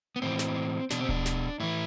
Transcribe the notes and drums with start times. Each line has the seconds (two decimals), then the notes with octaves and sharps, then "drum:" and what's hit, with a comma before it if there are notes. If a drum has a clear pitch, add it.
0.16 B3
0.22 A2 E3 C4
0.39 drum: snare
0.91 B2 D4, drum: snare
1.00 C4
1.09 D4, drum: kick D1
1.26 drum: snare
1.60 A2 E3 E4